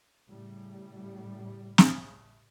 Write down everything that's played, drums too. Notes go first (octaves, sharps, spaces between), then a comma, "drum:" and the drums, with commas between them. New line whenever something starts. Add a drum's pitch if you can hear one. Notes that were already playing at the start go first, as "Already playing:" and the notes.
A2 C#3 G3
drum: snare